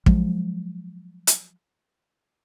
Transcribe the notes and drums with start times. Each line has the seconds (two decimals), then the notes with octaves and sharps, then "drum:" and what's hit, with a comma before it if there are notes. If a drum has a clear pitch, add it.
0.06 F3 F#3 G#3, drum: kick
1.27 drum: hi-hat